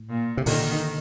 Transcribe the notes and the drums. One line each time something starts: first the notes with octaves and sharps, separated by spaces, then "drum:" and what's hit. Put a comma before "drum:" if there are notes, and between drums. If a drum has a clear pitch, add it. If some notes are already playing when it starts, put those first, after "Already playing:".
Already playing: A2
A#2
C3
A#2 D3 D#3, drum: open hi-hat